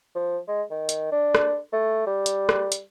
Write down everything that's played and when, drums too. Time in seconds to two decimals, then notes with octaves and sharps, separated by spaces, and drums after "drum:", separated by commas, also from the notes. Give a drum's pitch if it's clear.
0.15 F3
0.48 G#3
0.71 D#3
0.89 drum: hi-hat
1.12 D4
1.35 drum: rim click
1.73 A3
2.07 G3
2.26 drum: hi-hat
2.49 drum: rim click
2.72 drum: hi-hat